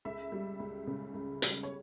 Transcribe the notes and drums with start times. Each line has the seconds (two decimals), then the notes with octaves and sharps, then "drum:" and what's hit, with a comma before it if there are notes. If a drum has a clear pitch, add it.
0.05 C#2 E5
0.32 G3
0.60 C#2
0.87 C#3
1.14 C#2
1.42 G3, drum: hi-hat
1.63 C#5